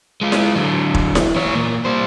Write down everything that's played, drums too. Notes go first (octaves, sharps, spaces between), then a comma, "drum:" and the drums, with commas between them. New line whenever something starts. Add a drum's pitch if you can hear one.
G#3 F4
drum: snare E4
D3 F#3
drum: kick F1
drum: snare E4
E3 C#5
A#2 A#3
G3 C5